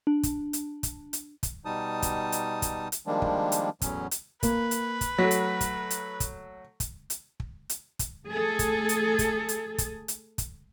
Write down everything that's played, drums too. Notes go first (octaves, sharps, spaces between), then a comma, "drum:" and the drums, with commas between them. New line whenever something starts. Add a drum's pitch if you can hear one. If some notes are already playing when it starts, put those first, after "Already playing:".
D4
drum: kick, hi-hat
drum: hi-hat
drum: kick, hi-hat
drum: hi-hat
drum: kick, hi-hat
B2 G3 D#4 A5 D#6
drum: kick, hi-hat
drum: hi-hat
drum: kick, hi-hat
drum: hi-hat
D#3 F3 G3 G#3 A#3 D4
drum: kick
drum: hi-hat
E2 A2 F#3 C#4, drum: kick, hi-hat
drum: hi-hat
A#3 B4, drum: kick, hi-hat
drum: hi-hat
drum: kick, hi-hat
F#3 A3 B6
drum: hi-hat
drum: kick, hi-hat
drum: hi-hat
drum: kick, hi-hat
drum: kick, hi-hat
drum: hi-hat
drum: kick
drum: hi-hat
drum: kick, hi-hat
A3 G#4 A4
drum: kick, hi-hat
drum: hi-hat
drum: kick, hi-hat
drum: hi-hat
drum: kick, hi-hat
drum: hi-hat
drum: kick, hi-hat